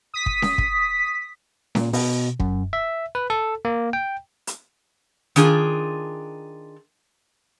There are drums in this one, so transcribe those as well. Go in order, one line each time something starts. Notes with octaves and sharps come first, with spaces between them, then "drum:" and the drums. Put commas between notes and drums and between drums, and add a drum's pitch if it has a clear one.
D#6 B6
drum: kick
drum: snare C#4
drum: kick
A#2, drum: snare C#4
B2, drum: open hi-hat
F#2, drum: kick
E5
B4
A4
A#3
G5
drum: hi-hat
D#3 D4 F4 G#4, drum: hi-hat